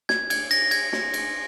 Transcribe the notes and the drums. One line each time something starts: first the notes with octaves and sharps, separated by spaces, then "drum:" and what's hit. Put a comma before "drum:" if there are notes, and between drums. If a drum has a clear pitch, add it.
G#6, drum: snare
G#6, drum: cymbal
A#6, drum: cymbal
G#6, drum: cymbal
drum: snare
drum: cymbal